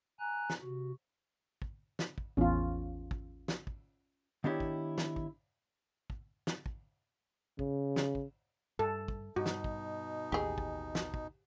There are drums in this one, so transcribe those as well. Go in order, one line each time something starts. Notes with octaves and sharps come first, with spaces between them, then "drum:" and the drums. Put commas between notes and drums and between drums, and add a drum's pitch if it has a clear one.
G#5 A#5 F#6
drum: snare
C3 F#4
drum: kick
drum: snare
drum: kick
A1 E2 C#4 F4
drum: kick
drum: snare
drum: kick
D#3 B3 D4 E4 G4 C#5
drum: kick
drum: snare
drum: kick
drum: kick
drum: snare
drum: kick
C#3, drum: kick
drum: snare
drum: kick
G2 A4
drum: kick
G2 B2 D#4 F#4
drum: snare
drum: kick
A1 D#2 G4 G#4
drum: kick
drum: snare
drum: kick